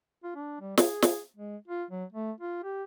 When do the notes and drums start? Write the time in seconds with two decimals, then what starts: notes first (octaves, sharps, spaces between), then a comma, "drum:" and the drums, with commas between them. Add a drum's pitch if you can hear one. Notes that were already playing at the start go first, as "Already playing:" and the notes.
0.24 F4
0.36 D4
0.61 G3
0.78 G#4, drum: snare
1.02 drum: snare
1.37 G#3
1.68 F4
1.91 F#3
2.13 A3
2.40 F4
2.64 G4